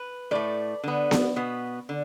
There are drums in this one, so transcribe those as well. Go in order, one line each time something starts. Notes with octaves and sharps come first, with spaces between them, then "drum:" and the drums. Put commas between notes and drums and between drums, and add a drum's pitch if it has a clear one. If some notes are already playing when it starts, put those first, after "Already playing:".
Already playing: B4
A2 A3 D5
D3 B3
drum: snare B3
B2 B3
D3